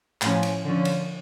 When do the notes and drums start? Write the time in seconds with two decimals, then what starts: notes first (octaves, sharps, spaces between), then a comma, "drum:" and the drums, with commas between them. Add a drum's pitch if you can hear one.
0.22 A2 F3 C#4, drum: clap
0.43 drum: cymbal
0.64 D3 F3 C#4
0.85 drum: cymbal